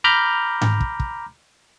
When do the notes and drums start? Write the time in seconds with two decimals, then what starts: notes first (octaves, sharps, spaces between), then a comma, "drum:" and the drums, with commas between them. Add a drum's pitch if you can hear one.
0.04 A#5 B5 D6 F6 G6
0.61 drum: tom G#2
0.81 drum: kick
1.00 drum: kick